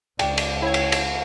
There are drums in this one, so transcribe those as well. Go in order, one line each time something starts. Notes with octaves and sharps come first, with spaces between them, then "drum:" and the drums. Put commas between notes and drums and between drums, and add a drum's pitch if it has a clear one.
C#2 D5 G5, drum: cymbal
drum: cymbal
E4 C#5 G#6
drum: cymbal
drum: cymbal